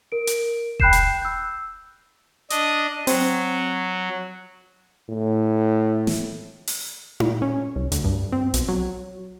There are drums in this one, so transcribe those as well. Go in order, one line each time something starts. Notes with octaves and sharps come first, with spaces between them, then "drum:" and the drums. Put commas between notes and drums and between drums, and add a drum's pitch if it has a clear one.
A#4 D7
drum: hi-hat
G5 B5 F#6 G6 C7 E7, drum: kick E1
drum: hi-hat
E6 G6
D4 D#5, drum: hi-hat
F#3 C4, drum: open hi-hat
A2
drum: snare
drum: open hi-hat
A#2, drum: tom D#4
C#4
C2
D2, drum: hi-hat
G2
C4
B1, drum: hi-hat
F#3